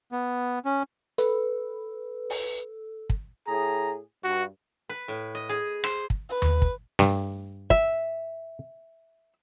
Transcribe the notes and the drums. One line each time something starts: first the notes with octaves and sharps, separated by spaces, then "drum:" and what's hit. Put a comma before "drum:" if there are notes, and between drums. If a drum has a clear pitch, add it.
B3
C#4
A4 B4, drum: hi-hat
drum: open hi-hat
drum: kick
A2 G#4 A#5
G2 F#4
B4
A2
D#5
G#4
C5, drum: rim click
drum: kick
B4
drum: tom D#2
drum: kick
G2, drum: snare
E5, drum: kick